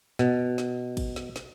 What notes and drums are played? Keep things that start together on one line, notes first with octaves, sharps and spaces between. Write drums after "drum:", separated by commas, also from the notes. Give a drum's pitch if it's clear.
B2, drum: snare
drum: snare
drum: kick, cymbal
drum: snare
drum: snare